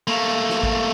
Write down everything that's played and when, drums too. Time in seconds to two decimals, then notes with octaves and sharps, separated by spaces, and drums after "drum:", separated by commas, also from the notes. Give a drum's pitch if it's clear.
0.07 A3 A#3
0.49 drum: snare
0.63 drum: kick G#1